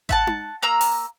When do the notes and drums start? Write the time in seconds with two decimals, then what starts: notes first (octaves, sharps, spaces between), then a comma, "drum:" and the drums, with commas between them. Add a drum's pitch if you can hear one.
0.09 E5 F#5 A5, drum: kick A1
0.27 drum: tom D#4
0.63 A#3 A#5 E6
0.81 drum: open hi-hat